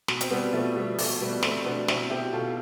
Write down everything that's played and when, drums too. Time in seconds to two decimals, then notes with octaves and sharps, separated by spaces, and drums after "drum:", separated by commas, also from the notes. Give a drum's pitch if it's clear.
0.08 B2, drum: snare
0.21 C4, drum: hi-hat
0.30 B2 G3 B3
0.52 B2 F3 A3
0.75 B2 G3
0.98 B2 F3 A3, drum: open hi-hat
1.21 B2 G3 B3
1.43 B2 A3 C4, drum: snare
1.66 B2 B3 D4
1.88 B2 C4 E4, drum: snare
2.10 B2 E4 G4
2.33 B2 F4 A4